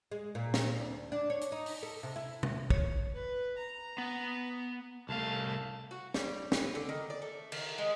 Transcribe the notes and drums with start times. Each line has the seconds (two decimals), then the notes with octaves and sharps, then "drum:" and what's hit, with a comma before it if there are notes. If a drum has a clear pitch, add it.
0.11 G#3
0.35 A#2
0.54 drum: snare
0.79 D2
1.12 D4
1.30 C#5
1.41 drum: hi-hat
1.52 D#4
1.66 drum: open hi-hat
1.83 A4
2.03 C3
2.16 E4
2.43 drum: tom B2
2.70 C#5, drum: kick
3.14 B4
3.57 A#5
3.98 B3
5.09 C2 A3 F5 A5
5.91 F#4
6.14 G3, drum: snare
6.52 B4, drum: snare
6.75 D3
6.89 D#3
7.10 D5
7.22 A3
7.52 D#3, drum: cymbal
7.78 G#3